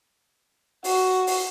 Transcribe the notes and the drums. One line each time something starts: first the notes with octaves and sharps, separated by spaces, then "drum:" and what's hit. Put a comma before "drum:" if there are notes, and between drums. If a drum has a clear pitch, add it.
F#4, drum: open hi-hat
drum: open hi-hat